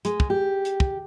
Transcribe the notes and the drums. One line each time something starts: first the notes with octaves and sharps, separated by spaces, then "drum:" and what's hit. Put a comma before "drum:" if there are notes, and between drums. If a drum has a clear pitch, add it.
G#3, drum: hi-hat
drum: kick
G4
drum: hi-hat
drum: kick